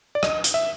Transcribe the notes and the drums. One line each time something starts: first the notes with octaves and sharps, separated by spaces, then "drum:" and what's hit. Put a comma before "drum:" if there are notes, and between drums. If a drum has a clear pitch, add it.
D5
D#5, drum: rim click
drum: hi-hat
E5